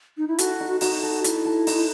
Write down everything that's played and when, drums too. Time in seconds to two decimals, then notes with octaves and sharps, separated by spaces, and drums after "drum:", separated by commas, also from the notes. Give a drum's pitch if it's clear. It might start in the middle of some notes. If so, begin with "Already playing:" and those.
0.17 D#4
0.28 E4
0.39 F#4 A4, drum: hi-hat
0.60 D#4
0.81 D#4 F#4, drum: open hi-hat
1.03 A4
1.24 D#4 E4, drum: hi-hat
1.45 A4
1.67 D#4, drum: open hi-hat